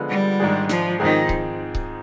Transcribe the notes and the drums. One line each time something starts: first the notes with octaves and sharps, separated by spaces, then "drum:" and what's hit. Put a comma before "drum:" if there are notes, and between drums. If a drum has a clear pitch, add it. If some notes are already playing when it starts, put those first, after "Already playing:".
Already playing: D3 F3 G#3 B3 F4
G3
G#2 D#3 G#3 D4 G#4
F3, drum: snare
G#2 D#3 F3 C4 D#4 G#4
drum: kick C#1
drum: kick C#1